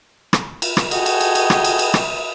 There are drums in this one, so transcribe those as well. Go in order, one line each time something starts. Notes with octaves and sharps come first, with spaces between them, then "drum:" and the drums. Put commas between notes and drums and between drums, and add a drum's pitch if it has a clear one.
drum: rim click
drum: cymbal
drum: rim click
F#4 G#4 A4 D#5 G5 G#5, drum: cymbal
drum: cymbal
drum: cymbal
drum: cymbal
drum: rim click
drum: cymbal
drum: cymbal
drum: rim click